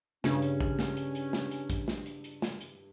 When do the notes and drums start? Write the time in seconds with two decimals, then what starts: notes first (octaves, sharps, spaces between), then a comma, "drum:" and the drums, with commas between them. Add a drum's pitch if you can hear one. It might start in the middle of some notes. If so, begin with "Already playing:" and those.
0.24 G2 C#3 G3 C#4, drum: snare
0.42 drum: hi-hat
0.60 drum: kick
0.79 drum: snare
0.97 drum: hi-hat
1.15 drum: hi-hat
1.33 drum: snare
1.51 drum: hi-hat
1.70 drum: kick, hi-hat
1.88 drum: snare
2.06 drum: hi-hat
2.24 drum: hi-hat
2.42 drum: snare
2.61 drum: hi-hat